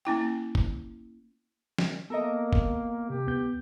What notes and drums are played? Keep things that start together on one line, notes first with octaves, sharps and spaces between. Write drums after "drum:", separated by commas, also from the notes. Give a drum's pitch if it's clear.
A#3 C#4 E4 G5
drum: kick G1
drum: snare
A#3 B3 A4 A#4 D#5
drum: kick G1
C3 G4
D2 B3 G6